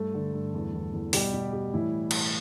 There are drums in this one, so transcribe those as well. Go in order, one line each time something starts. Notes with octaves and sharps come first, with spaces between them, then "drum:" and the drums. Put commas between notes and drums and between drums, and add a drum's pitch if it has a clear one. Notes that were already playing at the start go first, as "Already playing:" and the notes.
Already playing: G2 A3 A4
D3
G2
E2
E2
E2
B2 G3 G4, drum: open hi-hat
B2
G3
A2 E3 E4
drum: cymbal